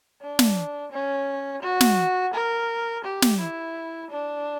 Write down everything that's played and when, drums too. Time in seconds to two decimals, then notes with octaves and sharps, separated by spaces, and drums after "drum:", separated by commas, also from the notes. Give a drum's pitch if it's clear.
0.22 D4
0.39 drum: snare
0.92 C#4
1.62 F#4
1.81 drum: snare
2.33 A#4
3.04 G4
3.22 drum: snare
3.40 E4
4.11 D4